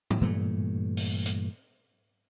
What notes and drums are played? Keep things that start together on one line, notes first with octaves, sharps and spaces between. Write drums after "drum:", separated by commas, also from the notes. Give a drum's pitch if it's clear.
drum: tom G#2
G2 A#2 E3 A3
drum: open hi-hat
drum: hi-hat